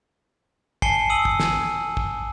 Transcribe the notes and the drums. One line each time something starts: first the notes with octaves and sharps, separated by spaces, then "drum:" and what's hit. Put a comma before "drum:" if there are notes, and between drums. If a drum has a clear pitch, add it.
G#5 A5 C7 C#7 G7, drum: kick
D#6 E6 D#7 F#7
drum: kick
drum: snare
drum: kick